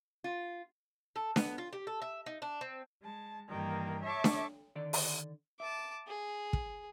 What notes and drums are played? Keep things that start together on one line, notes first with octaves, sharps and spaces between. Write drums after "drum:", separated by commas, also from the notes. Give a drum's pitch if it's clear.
F4
A4
B3, drum: snare D4
F4
G4
A4
E5
D#4
D4
C4
G#3 A5
G2 D#3 E3 A#3 G5
C#5 E5 A5 C#6 D6
drum: snare D4
D3 D#3 D5
drum: open hi-hat
E5 A5 D6
G#4
drum: kick